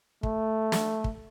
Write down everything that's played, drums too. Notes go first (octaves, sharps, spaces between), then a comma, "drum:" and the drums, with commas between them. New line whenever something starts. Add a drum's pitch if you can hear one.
A3, drum: kick
drum: snare
drum: kick